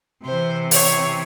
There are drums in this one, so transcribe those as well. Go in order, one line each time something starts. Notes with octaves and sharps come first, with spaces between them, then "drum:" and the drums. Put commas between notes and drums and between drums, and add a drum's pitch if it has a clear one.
C3 E3 C5
C#5, drum: open hi-hat